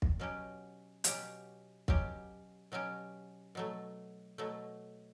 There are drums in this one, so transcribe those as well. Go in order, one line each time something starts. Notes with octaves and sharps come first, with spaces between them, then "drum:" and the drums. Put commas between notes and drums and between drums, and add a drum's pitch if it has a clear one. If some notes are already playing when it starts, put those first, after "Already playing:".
drum: kick
B2 F#3 C#4 G4
B2 F#3 C#4 G4, drum: hi-hat
B2 F#3 C#4 G4, drum: kick
B2 F#3 C#4 G4
B2 F#3 A3
B2 F#3 A3